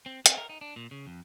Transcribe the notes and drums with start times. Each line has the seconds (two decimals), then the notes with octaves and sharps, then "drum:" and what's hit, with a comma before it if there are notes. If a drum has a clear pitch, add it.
0.06 C4
0.26 C4, drum: hi-hat
0.38 A#4
0.49 D#4
0.61 D4
0.76 A#2
0.91 C#3
1.07 F2